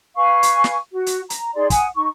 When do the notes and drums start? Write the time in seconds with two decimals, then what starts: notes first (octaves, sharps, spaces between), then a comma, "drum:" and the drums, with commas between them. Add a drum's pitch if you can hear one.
0.17 B4 F5 G#5 C#6
0.43 drum: hi-hat
0.64 drum: snare
0.91 F#4
1.06 drum: hi-hat
1.30 A#5, drum: hi-hat
1.54 D#4 G#4 D5 C6
1.70 F#5 G#5 D#6, drum: kick, hi-hat
1.95 D#4 C#6